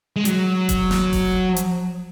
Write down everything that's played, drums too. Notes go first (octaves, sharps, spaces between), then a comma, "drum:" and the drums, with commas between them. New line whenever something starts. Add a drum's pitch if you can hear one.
G#3
F#3, drum: hi-hat
drum: kick E1, hi-hat
drum: snare
drum: kick E1, open hi-hat
drum: hi-hat